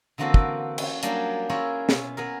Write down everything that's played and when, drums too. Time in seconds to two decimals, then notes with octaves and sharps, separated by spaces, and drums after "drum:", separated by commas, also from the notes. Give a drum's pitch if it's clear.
0.18 D3 E3 A#3 C4 F#4 A4
0.34 drum: kick
0.78 C#4, drum: cymbal
1.03 F#3 G3 A#3 D4 G#4, drum: hi-hat
1.49 C#4 E4 F4 G#4 A#4 C#5
1.89 B2, drum: snare
2.17 B3 G#4 A#4